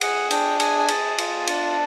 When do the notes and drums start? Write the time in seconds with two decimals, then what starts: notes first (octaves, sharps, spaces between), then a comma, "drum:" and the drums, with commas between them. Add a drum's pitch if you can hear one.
0.01 G#4 F#5, drum: cymbal
0.31 D4 G5, drum: cymbal
0.60 G#4 G#5, drum: cymbal
0.79 G#5
0.88 G#4 A5, drum: cymbal
1.18 F4, drum: cymbal
1.47 D4, drum: cymbal